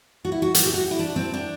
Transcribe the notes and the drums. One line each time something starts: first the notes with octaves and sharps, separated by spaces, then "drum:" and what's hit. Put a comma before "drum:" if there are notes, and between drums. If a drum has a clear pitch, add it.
F#4
E4
F#4
G4, drum: hi-hat
G4
F#4
E4
D4
C4
D4